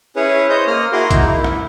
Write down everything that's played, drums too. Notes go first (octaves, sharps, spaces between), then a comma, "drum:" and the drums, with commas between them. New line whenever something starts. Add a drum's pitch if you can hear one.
C#4 E4 G#4 B4 C#5
C5 C#5 D#5 D#6 G6
A#3 D#6 F6
E4 F#4 G#4 A#5 C6 D6
A#3 D#4 E4, drum: kick, hi-hat
E4
drum: rim click